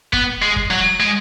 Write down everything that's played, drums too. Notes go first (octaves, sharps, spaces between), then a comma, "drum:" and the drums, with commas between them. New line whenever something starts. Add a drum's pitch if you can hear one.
B3, drum: kick
G#3
drum: kick
F#3
G#3